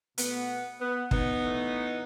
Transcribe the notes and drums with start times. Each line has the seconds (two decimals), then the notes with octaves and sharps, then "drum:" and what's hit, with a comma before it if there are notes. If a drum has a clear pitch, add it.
0.18 B2 A3 B3, drum: hi-hat
0.80 B3
1.11 B3 D#4, drum: kick
1.42 A2 E3 A3